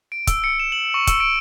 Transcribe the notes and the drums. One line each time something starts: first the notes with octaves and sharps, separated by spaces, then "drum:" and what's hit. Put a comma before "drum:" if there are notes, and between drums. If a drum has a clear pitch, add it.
D7
E6, drum: kick, hi-hat
C#7
E7
F#7
C#6
E6, drum: kick, hi-hat
D7